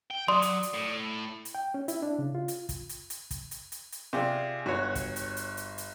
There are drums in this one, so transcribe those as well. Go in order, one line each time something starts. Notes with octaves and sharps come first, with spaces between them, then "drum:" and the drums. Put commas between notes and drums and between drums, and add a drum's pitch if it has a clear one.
G5
F#3 D5 C6 D#6
drum: hi-hat
drum: hi-hat
A2
drum: hi-hat
G5
C#4
E4, drum: hi-hat
D4
C#3
F4
drum: hi-hat
drum: kick, hi-hat
drum: hi-hat
drum: hi-hat
drum: kick, hi-hat
drum: hi-hat
drum: hi-hat
drum: hi-hat
C3 F4 G#4 D5
G1 F#4 C#5
drum: kick, hi-hat
drum: hi-hat
drum: hi-hat
drum: hi-hat
drum: hi-hat